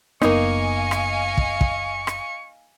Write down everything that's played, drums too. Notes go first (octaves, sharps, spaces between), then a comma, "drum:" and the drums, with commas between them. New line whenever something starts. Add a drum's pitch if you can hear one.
F#1 A#3 B3 D#4 D#5 F5 G#5 C#6, drum: rim click
drum: rim click
drum: kick
drum: kick
drum: rim click